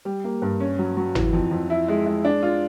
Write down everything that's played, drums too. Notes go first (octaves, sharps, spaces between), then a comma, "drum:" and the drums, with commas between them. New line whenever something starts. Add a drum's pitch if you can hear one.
G3
A#3
G2
C#4
F#3
F#3
E3, drum: tom
F2
F2
E4
G#3
G#3
D4
F4